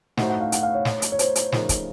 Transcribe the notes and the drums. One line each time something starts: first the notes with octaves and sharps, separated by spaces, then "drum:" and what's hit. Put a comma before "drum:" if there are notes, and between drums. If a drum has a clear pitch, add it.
A2 A3 D#4 F#4 C5 F#5, drum: snare
F#5
F5
F#5, drum: hi-hat
F5
C#5
drum: snare
drum: hi-hat
C#5
C5, drum: hi-hat
drum: hi-hat
C#3 F3 A3 D#4 A#4, drum: snare
drum: kick, hi-hat